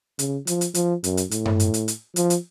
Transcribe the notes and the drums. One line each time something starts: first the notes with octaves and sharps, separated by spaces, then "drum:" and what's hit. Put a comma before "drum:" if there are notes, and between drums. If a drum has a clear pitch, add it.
C#3, drum: hi-hat
F3, drum: hi-hat
drum: hi-hat
F3, drum: hi-hat
F#2, drum: hi-hat
drum: hi-hat
A2, drum: hi-hat
drum: tom G2
drum: hi-hat
drum: hi-hat
drum: hi-hat
F3, drum: hi-hat
drum: hi-hat